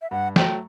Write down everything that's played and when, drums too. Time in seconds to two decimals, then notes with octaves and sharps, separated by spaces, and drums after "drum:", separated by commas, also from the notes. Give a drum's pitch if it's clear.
0.02 E5
0.11 G2 F#5
0.36 F#3 A3 G5, drum: snare